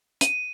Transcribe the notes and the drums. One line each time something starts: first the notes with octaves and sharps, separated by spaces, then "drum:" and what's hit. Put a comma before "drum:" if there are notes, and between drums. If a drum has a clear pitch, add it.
D#7, drum: hi-hat